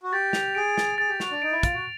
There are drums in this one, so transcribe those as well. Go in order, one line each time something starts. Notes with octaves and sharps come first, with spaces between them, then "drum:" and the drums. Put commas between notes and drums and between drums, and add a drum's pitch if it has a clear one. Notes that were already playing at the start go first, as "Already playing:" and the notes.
F#4
G4 A6
F7, drum: snare
G#4 D7
A6, drum: snare
G#4 A6
G4
F#4 F7, drum: snare
D4
D#4 D7
E4
F4 A6, drum: kick, hi-hat
F#4